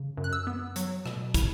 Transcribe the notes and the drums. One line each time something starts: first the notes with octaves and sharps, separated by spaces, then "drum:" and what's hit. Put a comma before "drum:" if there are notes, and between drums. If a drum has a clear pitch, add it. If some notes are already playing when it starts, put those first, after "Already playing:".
Already playing: C#3
F#2
F#6
E6
B3
F#3, drum: hi-hat
B2, drum: rim click
E4, drum: kick, hi-hat